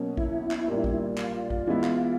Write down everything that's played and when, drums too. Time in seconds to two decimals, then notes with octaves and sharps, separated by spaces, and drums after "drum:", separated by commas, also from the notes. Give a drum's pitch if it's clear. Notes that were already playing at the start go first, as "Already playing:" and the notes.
Already playing: B2 F#3 A#3 C#4
0.17 E4, drum: kick A1
0.51 drum: clap
0.68 A#2 G3 A#3 D4
0.84 drum: kick A1
1.17 F4, drum: clap
1.50 drum: kick A1
1.67 E3 G#3 B3 E4
1.84 drum: clap